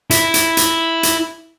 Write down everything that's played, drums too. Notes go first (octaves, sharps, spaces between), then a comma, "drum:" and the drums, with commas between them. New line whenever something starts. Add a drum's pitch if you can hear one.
E4, drum: hi-hat
drum: hi-hat
drum: hi-hat
drum: hi-hat